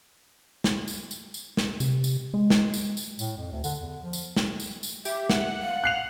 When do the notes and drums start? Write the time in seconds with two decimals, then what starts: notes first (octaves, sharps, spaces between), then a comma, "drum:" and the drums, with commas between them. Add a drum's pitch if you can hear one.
0.64 drum: snare
0.88 drum: tambourine
1.11 drum: tambourine
1.34 drum: tambourine
1.57 drum: snare
1.80 C3, drum: tambourine
2.04 drum: tambourine
2.34 G#3
2.50 drum: snare
2.74 drum: tambourine
2.97 drum: tambourine
3.19 A2, drum: tambourine
3.37 F2
3.52 D2
3.64 D3, drum: tambourine
3.81 E2
4.00 F3
4.13 drum: tambourine
4.36 drum: snare
4.60 drum: tambourine
4.83 drum: tambourine
5.05 G4 E5, drum: tambourine
5.30 F#5, drum: snare
5.62 F5
5.84 F#6 C7 F7